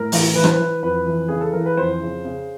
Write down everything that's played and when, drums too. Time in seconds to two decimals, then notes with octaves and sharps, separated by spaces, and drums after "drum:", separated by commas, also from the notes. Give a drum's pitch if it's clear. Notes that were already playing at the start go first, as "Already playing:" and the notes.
Already playing: A2 A#4
0.12 E3, drum: open hi-hat
0.35 E3 B4
0.44 C5, drum: rim click
0.52 B4
0.59 E3
0.83 F2 B4
1.06 E3
1.28 C#3 G#4
1.41 A4
1.53 E3 A#4
1.66 B4
1.77 F2 C5
2.01 C#3
2.25 C#3